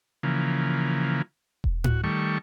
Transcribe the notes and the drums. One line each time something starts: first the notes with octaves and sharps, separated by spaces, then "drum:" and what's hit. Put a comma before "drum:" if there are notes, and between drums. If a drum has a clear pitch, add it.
C#3 E3 F3 A#3
drum: kick E1
F#4, drum: tom A2
D#3 G3 A3 C#6